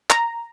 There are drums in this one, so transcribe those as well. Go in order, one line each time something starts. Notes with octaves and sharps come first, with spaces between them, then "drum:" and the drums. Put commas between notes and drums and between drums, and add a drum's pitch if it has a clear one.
A#5, drum: clap